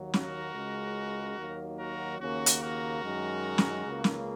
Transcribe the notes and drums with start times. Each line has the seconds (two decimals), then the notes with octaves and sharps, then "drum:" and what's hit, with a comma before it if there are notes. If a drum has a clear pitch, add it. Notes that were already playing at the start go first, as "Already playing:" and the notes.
Already playing: D#2 D#3 F#3 A#3
0.14 F#4 A#4, drum: snare
0.54 C#2 C#3 G#3
1.38 D#2 D#3 F#3 A#3
1.78 F#4 A#4
2.20 D#2 C#3 A#3 C#4 F#4
2.46 drum: hi-hat
2.61 F#4 A#4
3.03 F#2 D#3 G#3
3.58 drum: snare
3.86 C#2 C#3 A#3
4.04 drum: snare